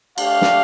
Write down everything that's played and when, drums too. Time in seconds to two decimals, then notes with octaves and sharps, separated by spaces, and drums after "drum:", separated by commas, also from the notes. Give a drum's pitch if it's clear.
0.18 A3 D4 G4 F5, drum: cymbal
0.42 drum: snare